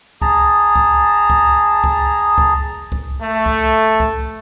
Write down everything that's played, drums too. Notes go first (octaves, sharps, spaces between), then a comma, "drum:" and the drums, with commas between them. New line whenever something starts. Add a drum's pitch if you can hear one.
G#4 A5 A#5, drum: kick C2
drum: kick C2
drum: kick C2
drum: kick C2
drum: kick C2
drum: kick C2
A3
drum: kick C2
drum: kick C2